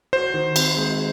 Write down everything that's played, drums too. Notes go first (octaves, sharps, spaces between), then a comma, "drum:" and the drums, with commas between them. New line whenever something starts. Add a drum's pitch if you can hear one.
F#4 C5
D#3
C4, drum: cymbal
G#3